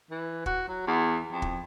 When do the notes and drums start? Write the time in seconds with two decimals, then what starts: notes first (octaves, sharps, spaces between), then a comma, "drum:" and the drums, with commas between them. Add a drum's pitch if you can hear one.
0.10 E3
0.46 F#4, drum: kick
0.68 F#3
0.87 E2
1.32 F2
1.42 drum: kick